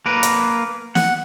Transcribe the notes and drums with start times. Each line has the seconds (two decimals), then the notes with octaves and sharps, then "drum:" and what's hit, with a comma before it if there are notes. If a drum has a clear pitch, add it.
0.06 A#3 A#4 B4
0.23 drum: hi-hat
0.95 F#5, drum: snare